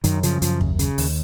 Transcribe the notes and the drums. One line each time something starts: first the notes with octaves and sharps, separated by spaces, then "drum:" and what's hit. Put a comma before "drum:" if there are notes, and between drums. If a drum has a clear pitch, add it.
F#2 D#3, drum: hi-hat
C#3 F3, drum: hi-hat
F#2 F3, drum: hi-hat
D#2, drum: kick
C#3, drum: hi-hat
D#2, drum: open hi-hat